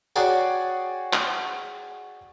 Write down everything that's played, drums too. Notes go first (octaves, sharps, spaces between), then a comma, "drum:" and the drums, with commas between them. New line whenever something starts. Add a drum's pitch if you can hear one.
F#4 G#4 C#5 D5 F#5 G5, drum: tambourine
drum: clap